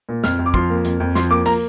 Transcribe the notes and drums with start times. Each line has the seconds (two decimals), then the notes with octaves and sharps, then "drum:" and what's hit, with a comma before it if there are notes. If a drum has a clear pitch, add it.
0.09 A#2
0.24 F2 F6, drum: snare
0.39 F2
0.46 D6
0.54 F3 C6, drum: kick
0.70 A#3
0.85 F2, drum: hi-hat
1.00 F2
1.15 F3 C6, drum: snare
1.31 A#3 D6
1.46 A#3 A#5, drum: open hi-hat